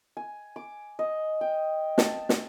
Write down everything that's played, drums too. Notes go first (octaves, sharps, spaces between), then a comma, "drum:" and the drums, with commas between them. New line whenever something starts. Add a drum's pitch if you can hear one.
G#5
D6
D#5
G5
A5, drum: snare
drum: snare